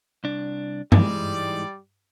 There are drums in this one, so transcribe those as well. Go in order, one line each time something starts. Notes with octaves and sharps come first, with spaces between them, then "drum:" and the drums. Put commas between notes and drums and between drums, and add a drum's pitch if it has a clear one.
C2 D4
G#2 E3 G3 G#3 D5, drum: tom G2